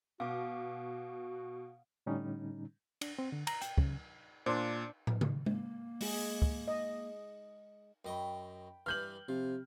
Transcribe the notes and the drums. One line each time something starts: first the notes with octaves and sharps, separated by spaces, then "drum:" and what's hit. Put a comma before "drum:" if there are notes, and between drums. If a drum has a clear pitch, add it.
B2 F#4 F5 D6
A2 D3 G3 C#4 D#4
D4, drum: cymbal
C4
D3
A#5, drum: cymbal
G5, drum: hi-hat
C#3, drum: kick
A#2 D4 C5
drum: tom
drum: tom C#3
A#3, drum: tom G#3
G#3 G#4, drum: open hi-hat
drum: kick
D#5
F#2 D#5 G5 B5 C#6
G2 E3 F6 G6 F#7
C3 F3